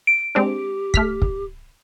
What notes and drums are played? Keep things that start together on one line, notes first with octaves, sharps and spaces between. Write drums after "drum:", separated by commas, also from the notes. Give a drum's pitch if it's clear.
D7
G#3 C4 D4 G4
A3 F6 B6, drum: kick
drum: kick